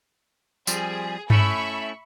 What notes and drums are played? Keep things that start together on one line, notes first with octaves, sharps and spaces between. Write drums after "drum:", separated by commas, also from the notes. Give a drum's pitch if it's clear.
F3 G3 C4 G#4, drum: tambourine
A3 C#4 E4 E5 B5 C#6, drum: tom G2